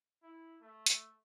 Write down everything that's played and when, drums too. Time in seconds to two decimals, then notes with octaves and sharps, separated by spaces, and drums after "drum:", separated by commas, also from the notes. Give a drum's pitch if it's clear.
0.23 E4
0.61 A3
0.86 drum: hi-hat